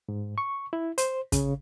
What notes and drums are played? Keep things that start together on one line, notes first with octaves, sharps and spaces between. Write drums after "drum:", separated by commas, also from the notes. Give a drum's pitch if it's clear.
G#2
C#6
E4
C5, drum: hi-hat
C#3, drum: kick, hi-hat